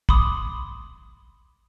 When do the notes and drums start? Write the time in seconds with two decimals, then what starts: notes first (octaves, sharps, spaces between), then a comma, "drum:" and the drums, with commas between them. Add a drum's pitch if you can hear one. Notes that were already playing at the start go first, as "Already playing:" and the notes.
0.09 B5 C6 D6 D#6, drum: kick